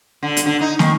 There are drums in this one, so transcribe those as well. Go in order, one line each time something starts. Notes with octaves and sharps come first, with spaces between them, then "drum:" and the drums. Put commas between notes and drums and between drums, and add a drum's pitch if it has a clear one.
D3
drum: hi-hat
D3
D#4
D#3, drum: snare